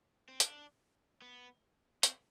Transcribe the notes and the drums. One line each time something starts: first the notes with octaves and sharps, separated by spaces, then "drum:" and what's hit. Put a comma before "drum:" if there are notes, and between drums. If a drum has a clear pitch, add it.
C4
D4, drum: hi-hat
B3
C4, drum: hi-hat